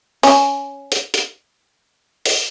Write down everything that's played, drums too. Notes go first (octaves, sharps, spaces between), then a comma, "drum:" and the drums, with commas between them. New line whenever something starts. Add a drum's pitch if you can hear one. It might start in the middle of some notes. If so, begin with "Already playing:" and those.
C#4, drum: open hi-hat
drum: hi-hat
drum: hi-hat
drum: open hi-hat